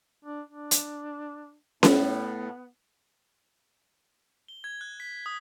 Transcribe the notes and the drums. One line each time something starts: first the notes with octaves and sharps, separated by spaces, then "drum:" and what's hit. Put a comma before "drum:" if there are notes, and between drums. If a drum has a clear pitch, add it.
D4
D4
drum: hi-hat
A2 B3, drum: snare C#4
G7
G#6
F#6
B6
D#6